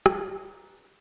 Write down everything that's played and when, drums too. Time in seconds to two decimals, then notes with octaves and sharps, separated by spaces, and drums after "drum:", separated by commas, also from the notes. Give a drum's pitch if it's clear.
0.06 C#4 D#4 G#4 A#4 B4 D5, drum: rim click